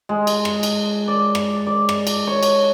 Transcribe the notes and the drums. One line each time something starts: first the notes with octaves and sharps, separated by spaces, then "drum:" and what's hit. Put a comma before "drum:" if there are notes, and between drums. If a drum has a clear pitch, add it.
G#3
drum: cymbal
drum: rim click
drum: cymbal
D5
drum: rim click
D5
drum: rim click
drum: cymbal
C#5
drum: cymbal